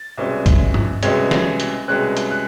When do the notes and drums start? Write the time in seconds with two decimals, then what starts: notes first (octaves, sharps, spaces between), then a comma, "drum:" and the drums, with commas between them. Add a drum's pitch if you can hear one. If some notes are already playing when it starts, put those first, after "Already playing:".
Already playing: A6
0.18 C2 B2 G#3 C#4
0.46 drum: kick, hi-hat
0.74 drum: tom G2
1.03 C2 B2 G#3 C#4 G#6, drum: hi-hat
1.31 drum: snare
1.60 drum: hi-hat
1.88 C2 B2 G#3 C#4 F#6
2.17 drum: hi-hat
2.31 F#6